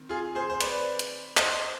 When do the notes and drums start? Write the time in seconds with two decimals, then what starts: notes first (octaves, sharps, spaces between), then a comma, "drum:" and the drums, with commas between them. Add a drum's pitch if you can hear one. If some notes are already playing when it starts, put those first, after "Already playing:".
Already playing: D#3 C4
0.09 F4 G#4
0.35 G#4 C5
0.50 C5
0.61 B4 D5, drum: hi-hat
0.99 drum: hi-hat
1.37 C5 D#5, drum: clap